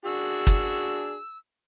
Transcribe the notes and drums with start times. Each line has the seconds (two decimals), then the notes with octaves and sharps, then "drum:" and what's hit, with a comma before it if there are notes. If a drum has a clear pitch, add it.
0.05 D4 F#4 G#4 E6
0.47 drum: kick